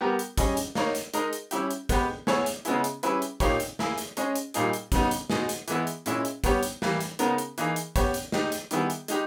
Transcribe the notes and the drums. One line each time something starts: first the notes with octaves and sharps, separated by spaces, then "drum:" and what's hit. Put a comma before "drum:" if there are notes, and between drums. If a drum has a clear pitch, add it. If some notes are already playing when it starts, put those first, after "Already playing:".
G3 B3 G4 A#4
drum: hi-hat
G3 C#4 G#4 D#5, drum: kick, hi-hat
drum: hi-hat
A#3 D#4 A#4 C#5, drum: snare
drum: hi-hat
G#3 D#4 A#4 D#5, drum: hi-hat
drum: hi-hat
G3 C#4 E4 G4, drum: hi-hat
drum: hi-hat
G#3 B3 G4 B4, drum: kick, hi-hat
B3 E4 G#4 C#5, drum: snare
drum: hi-hat
C#3 G#3 B3 E4 G#4, drum: hi-hat
drum: hi-hat
G3 C#4 E4 G#4 B4, drum: hi-hat
drum: hi-hat
A#2 A#3 D#4 G4 C#5, drum: kick, hi-hat
drum: hi-hat
A#3 E4 G#4, drum: snare
drum: hi-hat
G#3 C#4 G#4 D#5, drum: hi-hat
drum: hi-hat
A#2 G3 A#3 D#4 G#4, drum: hi-hat
drum: hi-hat
C#3 G3 B3 D#4, drum: kick, hi-hat
drum: hi-hat
B2 G#3 D#4 G#4, drum: snare
drum: hi-hat
E3 G#3 B3 E4, drum: hi-hat
drum: hi-hat
A#2 G#3 C#4 E4, drum: hi-hat
drum: hi-hat
G3 B3 G4 C#5, drum: kick, hi-hat
drum: hi-hat
E3 G3 A#3, drum: snare
drum: hi-hat
C#3 G#3 B3 D#4 A#4, drum: hi-hat
drum: hi-hat
E3 A#3 D#4 G#4, drum: hi-hat
drum: hi-hat
B3 G4 C#5, drum: kick, hi-hat
drum: hi-hat
G#3 D#4 G4, drum: snare
drum: hi-hat
D#3 G3 B3 E4 G#4, drum: hi-hat
drum: hi-hat
G#3 D#4 G4, drum: hi-hat